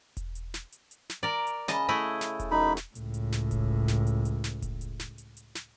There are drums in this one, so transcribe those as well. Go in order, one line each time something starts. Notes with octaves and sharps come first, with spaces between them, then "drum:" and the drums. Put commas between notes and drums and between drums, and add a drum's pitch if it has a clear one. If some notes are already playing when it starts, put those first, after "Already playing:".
drum: kick E1, hi-hat
drum: hi-hat
drum: snare
drum: hi-hat
drum: hi-hat
drum: snare
A#4 D5
drum: hi-hat
C#3 D#5 A5 B5, drum: snare
A3 E4 D#5
drum: snare
drum: kick E1, hi-hat
F#2 D#4 B5
drum: snare
C#2 A2, drum: hi-hat
drum: hi-hat
drum: snare
drum: kick E1, hi-hat
drum: snare
drum: hi-hat
drum: hi-hat
drum: snare
drum: kick E1, hi-hat
drum: hi-hat
drum: snare
drum: hi-hat
drum: hi-hat
drum: snare